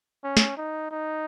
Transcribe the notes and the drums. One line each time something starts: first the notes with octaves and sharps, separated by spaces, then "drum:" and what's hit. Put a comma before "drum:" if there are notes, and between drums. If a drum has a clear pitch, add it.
C#4
drum: snare
D#4
D#4